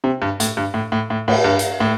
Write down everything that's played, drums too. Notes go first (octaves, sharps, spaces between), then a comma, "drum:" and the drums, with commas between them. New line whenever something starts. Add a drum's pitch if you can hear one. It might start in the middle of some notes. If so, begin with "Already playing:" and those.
C3
G2
A2, drum: hi-hat
G2
A2
A2
A2
A2, drum: cymbal
G2
drum: hi-hat
A2